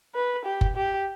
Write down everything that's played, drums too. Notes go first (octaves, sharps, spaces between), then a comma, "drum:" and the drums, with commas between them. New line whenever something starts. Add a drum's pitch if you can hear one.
B4
G4
drum: kick F#1
G4